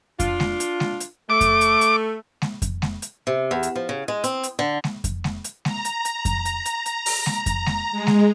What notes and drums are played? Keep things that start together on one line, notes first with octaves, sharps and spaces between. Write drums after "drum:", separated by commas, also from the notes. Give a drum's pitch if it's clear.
D4 F4, drum: kick F2, hi-hat
drum: snare G#3
drum: hi-hat
drum: snare G#3
drum: hi-hat
A3 D6
drum: kick F2, hi-hat
drum: hi-hat
drum: hi-hat
drum: snare G#3
drum: kick F2, hi-hat
drum: snare G#3
drum: hi-hat
C3
E2
drum: hi-hat
F3
C#3
G#3
C4, drum: hi-hat
drum: hi-hat
D3
drum: snare G#3
drum: kick F2, hi-hat
drum: snare G#3
drum: hi-hat
A#5, drum: snare G#3
drum: hi-hat
drum: hi-hat
drum: kick F2, hi-hat
drum: hi-hat
drum: hi-hat
drum: hi-hat
drum: open hi-hat
drum: snare G#3
drum: kick F2, hi-hat
drum: snare G#3
G#3
drum: snare G#3